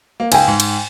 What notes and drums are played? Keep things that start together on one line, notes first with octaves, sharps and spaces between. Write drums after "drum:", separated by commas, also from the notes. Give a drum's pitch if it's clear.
A#3
C#2 G5 G#5, drum: cymbal
G#2
drum: cymbal